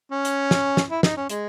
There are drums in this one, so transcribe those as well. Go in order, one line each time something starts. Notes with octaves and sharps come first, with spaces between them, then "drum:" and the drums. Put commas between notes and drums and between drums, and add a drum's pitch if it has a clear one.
C#4
drum: hi-hat
drum: snare
drum: snare
E4
D#4, drum: snare
C#4
G#3, drum: hi-hat